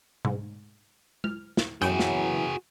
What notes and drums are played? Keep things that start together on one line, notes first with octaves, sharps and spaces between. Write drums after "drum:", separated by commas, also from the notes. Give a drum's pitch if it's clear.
G#2, drum: tom B2
F6, drum: tom G#3
drum: snare
F#2 B2 E3 F#3 F#4 G#4 G5, drum: hi-hat
drum: snare